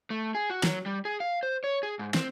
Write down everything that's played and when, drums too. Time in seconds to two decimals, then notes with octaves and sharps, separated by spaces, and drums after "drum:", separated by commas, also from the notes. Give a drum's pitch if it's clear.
0.10 A3
0.35 G#4
0.50 F#4
0.63 F#3, drum: snare
0.86 G3
1.05 G#4
1.20 F5
1.43 C5
1.64 C#5
1.83 G#4
1.99 G#2
2.14 C4, drum: snare